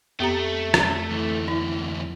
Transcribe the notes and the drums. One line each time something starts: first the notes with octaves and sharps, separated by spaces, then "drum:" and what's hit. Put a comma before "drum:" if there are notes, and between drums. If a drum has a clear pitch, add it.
F2 A3 B3 G4 A#5
drum: rim click
D2 E3
E4